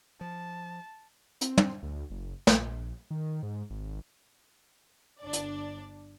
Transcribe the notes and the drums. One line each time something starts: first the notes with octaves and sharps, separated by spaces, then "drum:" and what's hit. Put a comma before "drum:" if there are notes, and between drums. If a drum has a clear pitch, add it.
F3 A5
C4, drum: hi-hat
drum: tom
D2
F#1
A#1, drum: snare
D#3
G#2
G#1
G1 D4 D5
drum: hi-hat